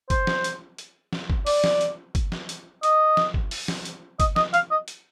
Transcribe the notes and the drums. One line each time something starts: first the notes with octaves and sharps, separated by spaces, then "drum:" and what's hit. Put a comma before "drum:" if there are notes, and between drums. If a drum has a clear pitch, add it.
C5, drum: kick G1, hi-hat
drum: snare
drum: hi-hat
drum: hi-hat
drum: snare
drum: kick G1
D5, drum: open hi-hat
drum: snare
drum: hi-hat
drum: kick G1, hi-hat
drum: snare
drum: hi-hat
D#5, drum: hi-hat
drum: snare
drum: kick G1
drum: open hi-hat
drum: snare
drum: hi-hat
D#5, drum: kick G1, hi-hat
D#5, drum: snare
F5, drum: hi-hat
D#5
drum: hi-hat